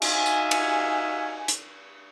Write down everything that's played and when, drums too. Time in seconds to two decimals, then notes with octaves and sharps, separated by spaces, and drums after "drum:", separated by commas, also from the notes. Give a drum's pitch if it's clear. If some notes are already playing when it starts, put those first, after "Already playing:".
0.02 D#4 F#4 E5 F5 G#5, drum: cymbal
0.26 drum: tambourine
0.51 drum: cymbal
1.48 drum: hi-hat